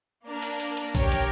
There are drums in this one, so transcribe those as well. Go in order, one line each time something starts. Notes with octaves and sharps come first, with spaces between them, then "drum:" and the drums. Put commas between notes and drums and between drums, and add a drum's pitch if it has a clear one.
A#3 D4 A#4
drum: hi-hat
drum: hi-hat
drum: hi-hat
G4 A#4 C#5, drum: kick, hi-hat
drum: hi-hat